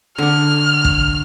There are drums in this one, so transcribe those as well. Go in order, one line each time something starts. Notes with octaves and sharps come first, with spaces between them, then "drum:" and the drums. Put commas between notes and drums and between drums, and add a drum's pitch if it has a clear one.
D3 D4 F6
drum: kick